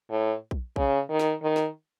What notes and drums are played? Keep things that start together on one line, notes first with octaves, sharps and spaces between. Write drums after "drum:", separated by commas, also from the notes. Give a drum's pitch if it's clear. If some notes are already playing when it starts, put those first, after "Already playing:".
A2
drum: kick A#1
C#3, drum: kick A#1
D#3
drum: snare
D#3
drum: snare